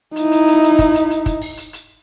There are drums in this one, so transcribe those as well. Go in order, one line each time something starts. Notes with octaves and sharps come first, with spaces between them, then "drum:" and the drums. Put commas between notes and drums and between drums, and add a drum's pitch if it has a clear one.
D#4 E4, drum: hi-hat
drum: hi-hat
drum: hi-hat
drum: hi-hat
drum: kick, hi-hat
drum: hi-hat
drum: hi-hat
drum: kick, hi-hat
drum: open hi-hat
drum: hi-hat
drum: hi-hat